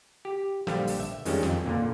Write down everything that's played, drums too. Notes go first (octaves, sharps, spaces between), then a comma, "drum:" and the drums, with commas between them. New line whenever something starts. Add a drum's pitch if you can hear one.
G4
A#1 D3 G3 G4 F5, drum: snare
drum: open hi-hat
E5
F2 D#3 G3 G#3 C#4, drum: open hi-hat
F2, drum: snare
A#2 D3 A#3